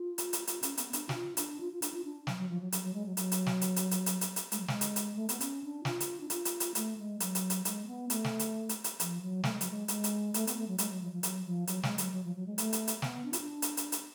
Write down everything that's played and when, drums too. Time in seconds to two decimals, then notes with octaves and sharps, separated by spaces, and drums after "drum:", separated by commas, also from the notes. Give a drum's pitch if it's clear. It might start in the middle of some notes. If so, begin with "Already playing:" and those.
Already playing: F4
0.18 drum: hi-hat
0.33 drum: hi-hat
0.47 F4, drum: hi-hat
0.63 C#4, drum: hi-hat
0.77 B3, drum: hi-hat
0.93 D4, drum: hi-hat
1.09 F#4, drum: snare
1.15 F4
1.37 D4, drum: hi-hat
1.60 F4
1.72 F4
1.82 D4, drum: hi-hat
1.94 F4
2.04 D4
2.27 F#3, drum: snare
2.38 F#3
2.49 F3
2.61 F#3
2.72 F#3, drum: hi-hat
2.83 F#3
2.94 G#3
3.06 F#3
3.17 F#3, drum: hi-hat
3.32 drum: hi-hat
3.46 drum: snare
3.61 drum: hi-hat
3.76 drum: hi-hat
3.91 drum: hi-hat
4.06 drum: hi-hat
4.21 drum: hi-hat
4.36 drum: hi-hat
4.52 G#3, drum: hi-hat
4.60 F#3
4.68 G#3, drum: snare
4.81 drum: hi-hat
4.96 drum: hi-hat
5.16 A3
5.29 B3, drum: hi-hat
5.40 C#4, drum: hi-hat
5.64 D4
5.85 F4, drum: snare
6.00 drum: hi-hat
6.20 D4
6.30 F4, drum: hi-hat
6.45 drum: hi-hat
6.60 drum: hi-hat
6.75 A3, drum: hi-hat
6.98 G#3
7.20 F#3, drum: hi-hat
7.35 drum: hi-hat
7.50 drum: hi-hat
7.65 G#3, drum: hi-hat
7.87 B3
8.10 A3, drum: hi-hat
8.24 drum: snare
8.39 drum: hi-hat
8.69 drum: hi-hat
8.84 drum: hi-hat
9.00 F3, drum: hi-hat
9.22 F#3
9.44 A3, drum: snare
9.53 G#3
9.61 F#3, drum: hi-hat
9.70 G#3
9.88 G#3, drum: hi-hat
10.04 drum: hi-hat
10.34 A3, drum: hi-hat
10.47 B3, drum: hi-hat
10.57 A3
10.68 F#3
10.78 G#3, drum: hi-hat
10.90 F#3
11.01 F3
11.12 F3
11.23 F#3, drum: hi-hat
11.45 F3
11.67 F#3, drum: hi-hat
11.83 G#3, drum: snare
11.98 F#3, drum: hi-hat
12.12 F#3
12.23 F3
12.35 F#3
12.47 G#3
12.58 A3, drum: hi-hat
12.73 drum: hi-hat
12.88 drum: hi-hat
12.98 A3
13.02 B3, drum: snare
13.25 D4
13.33 F4, drum: hi-hat
13.41 D4
13.62 drum: hi-hat
13.77 drum: hi-hat
13.92 drum: hi-hat